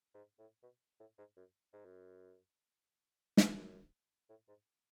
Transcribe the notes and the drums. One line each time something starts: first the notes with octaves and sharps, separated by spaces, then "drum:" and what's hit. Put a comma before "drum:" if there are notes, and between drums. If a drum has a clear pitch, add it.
G#2
A2
B2
A2
G#2
F#2
G#2
F#2
drum: snare
F#2
A2
G#2